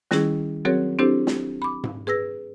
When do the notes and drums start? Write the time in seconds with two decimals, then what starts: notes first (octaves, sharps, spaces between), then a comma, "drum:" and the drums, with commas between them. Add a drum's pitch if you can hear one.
0.11 D#3 G3 C#4 E4 G#4, drum: snare
0.65 F#3 C4 F#4 G#4 A#4 C#5
0.99 C4 D4 E4 G4 A4 C5
1.27 drum: snare
1.62 B5 D6
1.84 drum: tom G#2
2.07 G#4 B4 E6 A#6